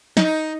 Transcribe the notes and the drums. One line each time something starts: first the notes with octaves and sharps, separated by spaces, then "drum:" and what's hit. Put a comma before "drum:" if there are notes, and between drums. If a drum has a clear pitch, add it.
D#4, drum: snare